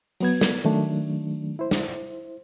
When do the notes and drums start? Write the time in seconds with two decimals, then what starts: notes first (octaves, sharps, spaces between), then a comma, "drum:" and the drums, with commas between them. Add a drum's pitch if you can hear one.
0.20 F#3 B3 G#6, drum: open hi-hat
0.41 drum: snare
0.65 D#3 F#3 A3 D4
1.59 E4 C5
1.71 drum: snare